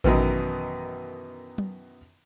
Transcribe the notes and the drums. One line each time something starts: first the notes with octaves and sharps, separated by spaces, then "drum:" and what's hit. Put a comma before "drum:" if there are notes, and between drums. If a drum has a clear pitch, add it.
F#2 B2 D#3 E3, drum: kick A1
drum: tom F#3